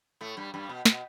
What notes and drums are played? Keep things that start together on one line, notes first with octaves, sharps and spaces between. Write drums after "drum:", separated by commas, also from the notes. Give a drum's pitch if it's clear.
A2 A3
G2 G3
G2 G3
B2
B2, drum: snare